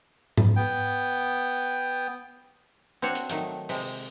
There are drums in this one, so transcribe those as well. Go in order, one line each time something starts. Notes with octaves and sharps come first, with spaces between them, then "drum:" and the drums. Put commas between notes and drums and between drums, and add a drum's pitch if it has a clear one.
drum: tom G#2
B3 G5
C4 D4 F#4 C#5 F#5
drum: hi-hat
D#3 F#3 A3, drum: hi-hat
C3 G#3, drum: open hi-hat